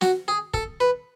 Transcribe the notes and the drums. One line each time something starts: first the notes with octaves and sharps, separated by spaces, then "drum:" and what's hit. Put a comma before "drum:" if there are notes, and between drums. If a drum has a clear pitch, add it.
F#4, drum: snare
G#4
A4, drum: kick
B4